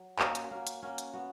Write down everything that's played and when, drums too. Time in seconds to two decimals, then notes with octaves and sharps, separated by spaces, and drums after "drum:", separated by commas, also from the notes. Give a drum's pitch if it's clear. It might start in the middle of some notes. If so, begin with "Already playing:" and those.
Already playing: F#3
0.19 A#3 C#4 F#4, drum: clap
0.35 drum: hi-hat
0.51 A#3 C#4 F#4
0.67 drum: hi-hat
0.83 A#3 C#4 F#4
0.98 drum: hi-hat
1.14 B3 F#4